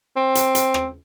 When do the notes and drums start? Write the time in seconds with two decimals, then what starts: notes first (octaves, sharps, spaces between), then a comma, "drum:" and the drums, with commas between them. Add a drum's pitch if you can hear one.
0.16 C4
0.35 drum: hi-hat
0.55 drum: hi-hat
0.74 drum: rim click